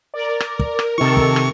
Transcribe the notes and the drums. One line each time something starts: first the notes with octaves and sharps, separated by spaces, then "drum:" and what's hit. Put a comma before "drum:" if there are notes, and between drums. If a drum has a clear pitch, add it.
A#4 D5
drum: rim click
drum: kick
drum: rim click
C3 D#3 A4 C#6
drum: kick
drum: rim click